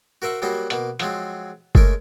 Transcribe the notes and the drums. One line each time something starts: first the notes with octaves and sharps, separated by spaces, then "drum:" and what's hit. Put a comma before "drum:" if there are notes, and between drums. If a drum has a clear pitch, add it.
F#4 A#4 C5 E5 F#5
F#3 G3 A#3 F#4 C5 D#5
B2 A#3, drum: hi-hat
F3 F#3 G#3 C4, drum: hi-hat
G#3 A3 C#4 A#4, drum: kick F#1